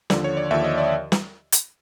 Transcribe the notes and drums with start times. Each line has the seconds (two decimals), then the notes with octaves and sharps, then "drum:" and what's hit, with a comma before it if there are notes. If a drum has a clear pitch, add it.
0.10 D#2 D3 F3 D5, drum: snare
0.24 C#5
0.37 D5
0.51 D#2 D3 F3 E5
0.64 D#5
0.78 D5
1.12 drum: snare
1.52 drum: hi-hat